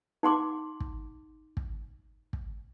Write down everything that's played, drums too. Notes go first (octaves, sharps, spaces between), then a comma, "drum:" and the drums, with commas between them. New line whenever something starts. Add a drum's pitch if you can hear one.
D#4 F#5 C6 D6
drum: kick
drum: kick
drum: kick